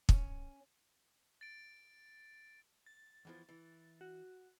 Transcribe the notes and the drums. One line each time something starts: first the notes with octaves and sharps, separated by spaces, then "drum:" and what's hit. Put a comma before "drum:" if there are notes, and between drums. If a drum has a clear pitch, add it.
C#4, drum: kick
A6 D7
A6
E2 E3 F3
E3
F#4